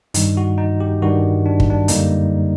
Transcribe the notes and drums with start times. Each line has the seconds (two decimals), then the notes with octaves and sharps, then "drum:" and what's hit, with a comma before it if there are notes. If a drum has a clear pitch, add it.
0.14 G2 D#3 G3 D#4, drum: hi-hat
0.37 F#4
0.58 D#4
0.80 G4
1.02 G2 D#3 G3 F#4
1.46 D4
1.60 drum: kick
1.70 D4
1.88 F#2 D3 G3 A#3 D#4, drum: hi-hat